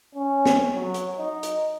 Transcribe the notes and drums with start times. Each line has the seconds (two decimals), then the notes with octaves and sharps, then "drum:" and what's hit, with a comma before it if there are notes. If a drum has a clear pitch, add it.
0.15 C#4
0.46 drum: snare
0.75 F#3
0.94 drum: hi-hat
1.19 D#4
1.43 drum: hi-hat